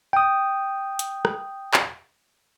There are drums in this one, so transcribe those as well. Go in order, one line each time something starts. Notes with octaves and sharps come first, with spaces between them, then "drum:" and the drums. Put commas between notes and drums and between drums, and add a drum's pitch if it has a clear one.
G5 D#6
drum: hi-hat
drum: rim click
drum: clap